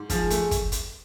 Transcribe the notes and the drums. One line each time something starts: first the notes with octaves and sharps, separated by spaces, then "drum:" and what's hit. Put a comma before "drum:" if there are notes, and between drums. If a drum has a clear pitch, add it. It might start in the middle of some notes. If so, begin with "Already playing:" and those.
Already playing: G#2
F3 G#4, drum: kick, hi-hat
A3, drum: hi-hat
drum: kick, hi-hat
drum: hi-hat